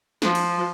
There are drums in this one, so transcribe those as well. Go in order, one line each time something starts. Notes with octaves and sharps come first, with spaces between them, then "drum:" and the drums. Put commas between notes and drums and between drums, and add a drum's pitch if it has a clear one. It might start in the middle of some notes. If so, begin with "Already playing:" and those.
F3, drum: snare
drum: cymbal